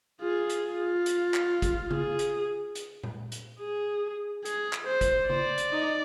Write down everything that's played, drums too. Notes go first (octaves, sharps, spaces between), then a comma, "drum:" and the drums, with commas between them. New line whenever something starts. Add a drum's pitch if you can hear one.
F4 G#4
drum: hi-hat
F4
drum: hi-hat
drum: clap
drum: kick, hi-hat
G#4, drum: tom C#3
drum: hi-hat
drum: hi-hat
drum: tom A#2
drum: hi-hat
G#4
G#4, drum: hi-hat
drum: clap
C5
drum: kick, hi-hat
C5 D5, drum: tom C#3
drum: hi-hat
D#4